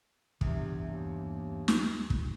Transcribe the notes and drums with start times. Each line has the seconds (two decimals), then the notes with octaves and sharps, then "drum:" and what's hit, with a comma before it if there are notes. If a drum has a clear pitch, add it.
0.41 E2 G2 C3, drum: kick
0.84 D#2
1.68 drum: snare
2.10 drum: kick